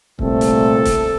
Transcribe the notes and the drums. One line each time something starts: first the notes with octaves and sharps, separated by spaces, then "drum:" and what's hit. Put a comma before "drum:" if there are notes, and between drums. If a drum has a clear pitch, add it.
C2 A#2 A3 C4 A4, drum: kick C#1
drum: hi-hat
drum: kick C#1, hi-hat